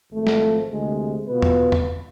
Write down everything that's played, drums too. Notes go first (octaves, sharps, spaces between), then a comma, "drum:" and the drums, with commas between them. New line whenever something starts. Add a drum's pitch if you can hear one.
G#1 G#2 F3 A3
drum: snare
D2 C3 G#3
B2 B3 F4 B4
drum: tom
drum: tom